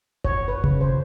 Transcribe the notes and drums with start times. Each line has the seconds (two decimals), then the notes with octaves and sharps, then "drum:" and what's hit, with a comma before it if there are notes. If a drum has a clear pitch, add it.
0.24 C#5, drum: kick F#1
0.48 B4
0.64 C#3, drum: kick F#1
0.81 C5